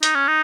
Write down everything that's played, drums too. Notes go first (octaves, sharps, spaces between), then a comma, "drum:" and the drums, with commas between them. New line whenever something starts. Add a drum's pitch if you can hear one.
D#4, drum: hi-hat
C#4
D#4